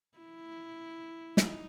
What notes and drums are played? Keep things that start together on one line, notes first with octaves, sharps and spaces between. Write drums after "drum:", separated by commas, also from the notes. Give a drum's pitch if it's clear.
E4
D#4, drum: snare